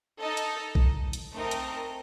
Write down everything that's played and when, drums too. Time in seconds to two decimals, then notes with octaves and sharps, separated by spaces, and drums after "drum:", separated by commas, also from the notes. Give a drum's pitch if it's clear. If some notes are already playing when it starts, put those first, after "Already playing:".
0.19 D#4 A4 D#5
0.37 drum: hi-hat
0.75 drum: kick A#1
1.13 drum: hi-hat
1.32 A3 C4 D#4 A#4 D#5
1.51 drum: hi-hat